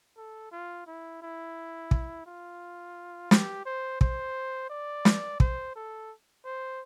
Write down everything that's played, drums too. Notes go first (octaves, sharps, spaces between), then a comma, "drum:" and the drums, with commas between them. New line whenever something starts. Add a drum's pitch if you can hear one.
A4
F4
E4
E4
drum: kick
F4
G4, drum: snare
C5
C5, drum: kick
D5
drum: snare
C5, drum: kick
A4
C5